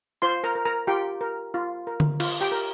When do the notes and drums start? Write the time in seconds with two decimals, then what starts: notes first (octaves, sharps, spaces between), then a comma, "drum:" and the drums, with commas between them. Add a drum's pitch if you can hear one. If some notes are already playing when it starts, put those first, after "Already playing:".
0.22 F4 C5 C6
0.44 A#4 A#5
0.55 A#4
0.65 A#4 A#5
0.87 F4 G4 G5
1.21 A#4
1.54 F4
1.87 A#4
2.00 drum: tom D3
2.20 F4, drum: cymbal
2.41 G4 G5
2.52 A#4